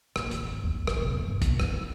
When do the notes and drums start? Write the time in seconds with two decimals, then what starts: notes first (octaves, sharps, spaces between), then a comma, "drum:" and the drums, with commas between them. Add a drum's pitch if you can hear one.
0.16 A#1, drum: rim click
0.31 D#3, drum: hi-hat
0.45 G#1
0.64 E2
0.76 D2
0.87 A1, drum: rim click
1.01 C3
1.14 E2
1.28 G1
1.42 B2, drum: kick, hi-hat
1.60 F3, drum: rim click
1.73 E4